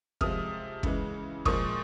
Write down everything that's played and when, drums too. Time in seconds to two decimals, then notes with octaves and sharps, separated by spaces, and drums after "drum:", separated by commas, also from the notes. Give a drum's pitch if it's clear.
0.21 C3 F3 G#3 D#6 F6, drum: kick
0.83 C#3 E3 G#3, drum: kick
1.45 A#2 F3 G#3 C#6 D#6, drum: kick